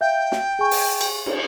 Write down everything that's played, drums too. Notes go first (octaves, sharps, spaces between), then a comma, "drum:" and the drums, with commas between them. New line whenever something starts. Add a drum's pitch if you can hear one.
E5 F5 G5 G6
drum: snare
G#4 G#5 C#6
drum: open hi-hat
drum: cymbal
drum: cymbal